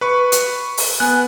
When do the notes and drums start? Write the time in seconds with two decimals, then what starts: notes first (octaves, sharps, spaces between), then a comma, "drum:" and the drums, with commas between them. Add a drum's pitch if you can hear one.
0.01 B4 C#6
0.32 drum: hi-hat
0.77 drum: open hi-hat
1.00 B3 G#5 F#6